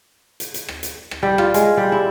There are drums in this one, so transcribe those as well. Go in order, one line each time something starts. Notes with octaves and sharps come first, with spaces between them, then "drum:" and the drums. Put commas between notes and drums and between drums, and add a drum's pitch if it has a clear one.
drum: hi-hat
drum: hi-hat
drum: rim click
drum: hi-hat
drum: rim click
G3
F4, drum: rim click
G#3, drum: hi-hat
G3
E4